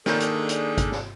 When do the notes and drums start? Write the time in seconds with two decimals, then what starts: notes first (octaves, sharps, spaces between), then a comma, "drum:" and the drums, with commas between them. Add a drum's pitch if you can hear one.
0.06 D#3 A#3 D4 G#4 A4 G6, drum: snare
0.20 drum: hi-hat
0.49 drum: hi-hat
0.78 drum: kick G#1, hi-hat
0.92 drum: snare